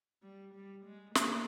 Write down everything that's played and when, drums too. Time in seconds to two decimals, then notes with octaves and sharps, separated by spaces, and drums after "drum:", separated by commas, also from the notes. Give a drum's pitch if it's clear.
0.22 G3
0.54 G3
0.86 G#3
1.15 A#3, drum: snare